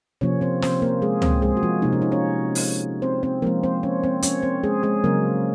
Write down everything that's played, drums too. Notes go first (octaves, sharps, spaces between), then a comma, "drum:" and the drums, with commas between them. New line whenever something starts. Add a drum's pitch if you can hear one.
C3 F3 A#3 C#4 C#5
C4 C5
C4 C5, drum: snare
A#3 A#4
G#3 G#4
C4 C5, drum: tom C#2
G#3 G#4
F#4
F3 F4
C3 F3 A#3 D#4
C#4
D#4
C#4 C#5
drum: open hi-hat
C4 C5
C4 C5
F3 G#3 A#3 C4 A#4
C4 C5
C#4 C#5
C4 C5
C#4 C#5, drum: hi-hat
C4 C5
G#3 G#4
G#3 G#4
C#3 F#3 A#3 C#4 A#4